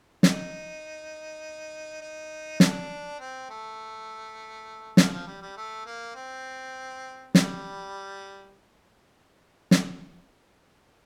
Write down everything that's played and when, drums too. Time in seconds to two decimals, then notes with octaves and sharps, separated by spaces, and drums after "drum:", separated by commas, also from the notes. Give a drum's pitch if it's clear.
0.23 D#4, drum: snare
2.01 D#4
2.60 D4, drum: snare
3.20 C4
3.49 A3
4.97 F3, drum: snare
5.12 F3
5.27 G3
5.42 G3
5.57 A3
5.86 A#3
6.15 C4
7.35 G3, drum: snare
9.71 drum: snare